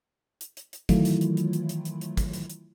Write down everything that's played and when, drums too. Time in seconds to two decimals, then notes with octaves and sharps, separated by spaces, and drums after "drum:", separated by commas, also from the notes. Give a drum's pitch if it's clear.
0.41 drum: hi-hat
0.57 drum: hi-hat
0.73 drum: hi-hat
0.89 D#3 E3 F#3 A3 E4 F4, drum: kick, hi-hat
1.05 drum: hi-hat
1.21 drum: hi-hat
1.37 drum: hi-hat
1.53 drum: hi-hat
1.69 drum: hi-hat
1.85 drum: hi-hat
2.01 drum: hi-hat
2.17 drum: kick, hi-hat
2.33 drum: hi-hat
2.50 drum: hi-hat